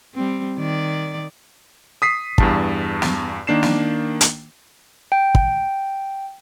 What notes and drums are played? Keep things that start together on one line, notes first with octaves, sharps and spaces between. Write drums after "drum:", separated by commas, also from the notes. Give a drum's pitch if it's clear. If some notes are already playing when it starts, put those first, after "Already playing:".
G3 C4
D#3 D5
D#6 B6 C7
E2 G2 A5, drum: kick
drum: snare
D#3 A#3 D4 C7 E7
drum: snare
drum: hi-hat
G5
drum: kick